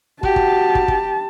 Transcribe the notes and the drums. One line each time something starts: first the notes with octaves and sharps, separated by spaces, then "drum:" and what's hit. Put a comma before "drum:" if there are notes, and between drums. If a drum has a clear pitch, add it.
F#4 G4 A5, drum: kick
drum: kick
drum: kick
drum: kick